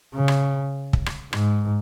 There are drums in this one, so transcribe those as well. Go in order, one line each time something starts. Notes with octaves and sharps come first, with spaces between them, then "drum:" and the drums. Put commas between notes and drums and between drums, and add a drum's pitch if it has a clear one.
C#3
drum: rim click
drum: kick
drum: rim click
G#2, drum: rim click